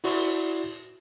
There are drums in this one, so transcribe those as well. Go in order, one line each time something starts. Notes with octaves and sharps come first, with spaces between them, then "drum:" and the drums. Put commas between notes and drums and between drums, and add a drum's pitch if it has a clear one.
E4 F#4 D5 C6, drum: open hi-hat